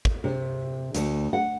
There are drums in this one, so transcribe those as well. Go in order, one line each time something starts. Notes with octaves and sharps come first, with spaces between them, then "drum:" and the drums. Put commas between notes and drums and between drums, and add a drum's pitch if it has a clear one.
drum: kick
C3
D2, drum: hi-hat
F#5